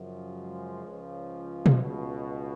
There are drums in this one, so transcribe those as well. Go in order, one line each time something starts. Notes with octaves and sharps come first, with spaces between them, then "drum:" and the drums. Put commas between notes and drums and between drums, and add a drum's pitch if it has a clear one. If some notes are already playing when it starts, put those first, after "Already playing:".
Already playing: F#2 C#3 F3
G#3
C#2 C#3 F3
drum: tom B2
C#2 B2